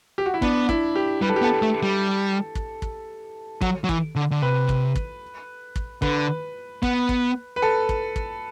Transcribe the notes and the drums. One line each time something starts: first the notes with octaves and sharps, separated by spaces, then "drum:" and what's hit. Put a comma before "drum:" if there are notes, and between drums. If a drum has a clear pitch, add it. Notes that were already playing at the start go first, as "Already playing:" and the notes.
G4
F#4
E4
B3 D4, drum: kick
E4, drum: kick
G4
G3 B4
A4
G4
B3 A4
A3
G3
drum: kick
drum: kick
F#3, drum: kick
F#3
E3, drum: kick
D3
D3
C3 B4
drum: kick
drum: kick
drum: kick
D3 B4, drum: kick
B3, drum: kick
drum: kick
B4
A4
drum: kick
drum: kick